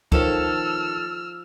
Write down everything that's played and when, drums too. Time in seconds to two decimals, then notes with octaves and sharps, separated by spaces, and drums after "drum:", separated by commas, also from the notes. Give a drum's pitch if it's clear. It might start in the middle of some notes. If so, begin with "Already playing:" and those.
0.12 D#3 F3 A4 C#5 E6 F6, drum: kick